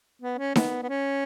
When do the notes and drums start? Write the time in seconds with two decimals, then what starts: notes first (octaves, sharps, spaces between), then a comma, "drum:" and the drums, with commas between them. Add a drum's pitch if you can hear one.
0.22 B3
0.38 C#4
0.56 B3, drum: snare D#4
0.83 B3
0.89 C#4